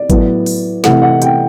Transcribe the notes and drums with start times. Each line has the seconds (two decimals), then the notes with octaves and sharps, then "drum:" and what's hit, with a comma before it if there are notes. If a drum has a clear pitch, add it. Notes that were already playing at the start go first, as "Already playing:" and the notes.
Already playing: D5
0.10 A2 F#3 B3, drum: kick G#1, hi-hat
0.46 drum: open hi-hat
0.84 C3 E3 A3 F#5, drum: snare
1.02 F#5
1.22 G5, drum: hi-hat